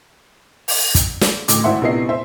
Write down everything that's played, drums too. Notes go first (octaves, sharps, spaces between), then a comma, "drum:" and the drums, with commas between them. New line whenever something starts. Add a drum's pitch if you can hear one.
drum: open hi-hat
drum: kick, hi-hat
drum: snare
A1 D2 D6, drum: hi-hat
G#1 E4 C5 E5 F#5 C6
A#1 C3 B3 E4 D#5 C7
C5 E5